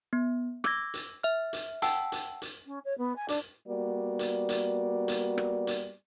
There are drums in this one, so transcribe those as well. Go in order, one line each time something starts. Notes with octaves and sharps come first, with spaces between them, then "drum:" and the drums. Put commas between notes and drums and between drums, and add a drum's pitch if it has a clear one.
B3
D6 E6 G#6 A#6, drum: rim click
drum: hi-hat
E5 F6
drum: hi-hat
F#5 G5 A5 E6, drum: hi-hat
drum: hi-hat
drum: hi-hat
C#4
C#5
B3
G#5
D4, drum: hi-hat
G3 A#3 B3 F#4 D5
drum: hi-hat
drum: hi-hat
drum: hi-hat
drum: rim click
drum: hi-hat